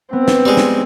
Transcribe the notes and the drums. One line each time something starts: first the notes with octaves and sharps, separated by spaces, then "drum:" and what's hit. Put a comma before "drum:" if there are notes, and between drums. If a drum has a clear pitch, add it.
B3 C4
drum: snare
G3 G#3
drum: snare